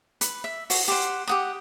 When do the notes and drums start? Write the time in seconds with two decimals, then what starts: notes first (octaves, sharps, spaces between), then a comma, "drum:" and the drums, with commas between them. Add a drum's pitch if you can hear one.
0.21 B4, drum: hi-hat
0.44 E5
0.70 F#4, drum: open hi-hat
0.88 G4 C5 F#5
1.28 G4 F#5 D#6